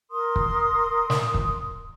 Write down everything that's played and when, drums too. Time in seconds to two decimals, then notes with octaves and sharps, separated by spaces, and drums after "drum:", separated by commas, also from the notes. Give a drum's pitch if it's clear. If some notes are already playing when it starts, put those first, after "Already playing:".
0.11 A#4 C6 D#6
0.36 drum: kick
1.10 drum: snare
1.34 drum: kick